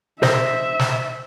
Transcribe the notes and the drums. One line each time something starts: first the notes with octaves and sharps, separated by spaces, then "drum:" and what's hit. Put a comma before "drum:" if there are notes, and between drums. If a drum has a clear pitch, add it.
C5 D#5 E5, drum: snare
drum: snare